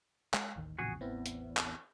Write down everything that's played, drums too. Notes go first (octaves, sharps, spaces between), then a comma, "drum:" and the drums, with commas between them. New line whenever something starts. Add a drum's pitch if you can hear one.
G#3, drum: clap
A1 D#2 D#3
A#1 E2 A2 C#3 F3 F#4 G#4
A1 E2 B3 C4 E4
drum: hi-hat
drum: clap